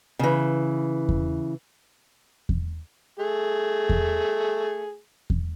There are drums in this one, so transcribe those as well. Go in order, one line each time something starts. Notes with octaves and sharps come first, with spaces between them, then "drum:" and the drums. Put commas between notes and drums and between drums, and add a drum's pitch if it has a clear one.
C#3 E3
drum: kick E2
drum: kick E2
A3 G#4
drum: kick E2
drum: kick E2